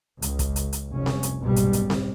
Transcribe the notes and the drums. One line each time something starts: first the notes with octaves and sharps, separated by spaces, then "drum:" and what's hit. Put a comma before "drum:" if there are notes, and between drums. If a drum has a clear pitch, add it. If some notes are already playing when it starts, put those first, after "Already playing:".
C#2, drum: hi-hat
drum: kick, hi-hat
drum: hi-hat
drum: hi-hat
F1 C2 C#4
drum: snare C4
drum: hi-hat
F#1 B1 G#2 B2 G3
drum: hi-hat
drum: hi-hat
drum: snare C4